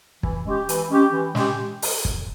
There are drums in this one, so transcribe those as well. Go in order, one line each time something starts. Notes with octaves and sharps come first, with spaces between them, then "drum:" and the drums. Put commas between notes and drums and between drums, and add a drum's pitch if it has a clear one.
E3, drum: kick
G#3 C#4 G4
E3, drum: hi-hat
G#3 C#4 G4
E3
G#3 C#4 G4, drum: snare
drum: open hi-hat
drum: kick